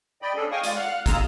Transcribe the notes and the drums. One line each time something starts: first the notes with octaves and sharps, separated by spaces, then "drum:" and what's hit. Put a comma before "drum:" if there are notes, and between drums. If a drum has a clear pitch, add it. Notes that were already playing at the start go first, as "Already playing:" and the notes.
D5 D#5 G5 B5
C#4 D4 G#4 A4
D#5 F5 G5 G#5 C#6 D#6
G#3 F4 D5, drum: hi-hat
F5 F#5 F6 F#6
F4 G#4 D#5 A#5 E6 F6, drum: kick, hi-hat